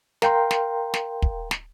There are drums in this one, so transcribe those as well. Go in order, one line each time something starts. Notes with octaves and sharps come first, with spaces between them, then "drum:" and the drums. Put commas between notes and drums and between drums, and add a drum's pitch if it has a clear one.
A#4 F5 G5 A#5 C6, drum: snare
drum: snare
drum: snare
drum: kick
drum: snare